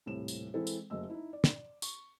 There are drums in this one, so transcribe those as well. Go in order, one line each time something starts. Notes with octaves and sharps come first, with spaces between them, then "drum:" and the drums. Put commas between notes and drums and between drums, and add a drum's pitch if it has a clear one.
D#1 A2 C3 E7
drum: tambourine
E3 G#3 C4 E4 A4 C5
drum: tambourine
F#1 A3 D#5 E6
D#4 E4
D5
drum: snare
C#6, drum: tambourine